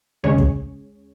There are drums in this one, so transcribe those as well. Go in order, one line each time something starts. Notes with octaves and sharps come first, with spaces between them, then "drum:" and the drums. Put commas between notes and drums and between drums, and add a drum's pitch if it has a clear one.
D#2 C#3 G#3 C#4 G#4 C#5
drum: kick